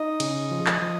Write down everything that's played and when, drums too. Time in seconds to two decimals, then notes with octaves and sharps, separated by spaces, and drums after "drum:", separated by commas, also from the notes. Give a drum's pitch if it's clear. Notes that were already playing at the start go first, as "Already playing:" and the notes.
Already playing: D#4 D#5
0.20 C#3, drum: cymbal
0.51 F3
0.66 drum: clap
0.82 F3